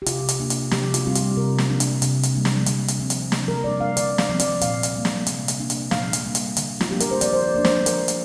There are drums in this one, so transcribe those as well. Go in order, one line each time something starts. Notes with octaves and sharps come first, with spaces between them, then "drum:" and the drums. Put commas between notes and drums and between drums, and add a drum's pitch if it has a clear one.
G4
C3 F4, drum: hi-hat
drum: hi-hat
A#3 D4
drum: hi-hat
C3 G4, drum: snare
F4, drum: hi-hat
G3 C4 F4
G4, drum: hi-hat
C3 A#4
drum: snare
A#3 D4
drum: hi-hat
C3, drum: hi-hat
drum: hi-hat
G3 A#3 D4
drum: snare
D3, drum: hi-hat
drum: hi-hat
F3 C4
drum: hi-hat
C3, drum: snare
A#4
G3 A#3 D4 D5
F5
D3 D5, drum: hi-hat
F5, drum: snare
F3 C4
D5, drum: hi-hat
A#2 F5, drum: hi-hat
drum: hi-hat
G3 A#3
drum: snare
C3, drum: hi-hat
drum: hi-hat
A#3 D4
drum: hi-hat
A#2 F5, drum: snare
drum: hi-hat
G3 A#3
drum: hi-hat
D3, drum: hi-hat
F4, drum: snare
G3 A#3 D4 G4
A#4, drum: hi-hat
C5
F3 D5, drum: hi-hat
C5
D5
A#3 D4 D5
C5, drum: snare
F3 A#4, drum: hi-hat
drum: hi-hat